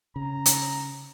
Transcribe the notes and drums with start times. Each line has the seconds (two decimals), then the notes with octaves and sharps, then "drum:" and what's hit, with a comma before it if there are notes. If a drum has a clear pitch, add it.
0.16 C#3 A#5
0.46 drum: hi-hat